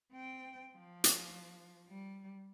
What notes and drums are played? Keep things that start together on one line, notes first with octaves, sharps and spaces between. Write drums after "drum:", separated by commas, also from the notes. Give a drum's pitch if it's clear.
C4 G5
F3
drum: hi-hat
G3